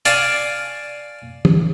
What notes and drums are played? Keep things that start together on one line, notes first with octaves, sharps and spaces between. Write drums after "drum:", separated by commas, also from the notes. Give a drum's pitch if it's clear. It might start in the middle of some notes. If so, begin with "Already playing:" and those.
D5 F5 G#5 A5 C#6, drum: hi-hat
drum: tom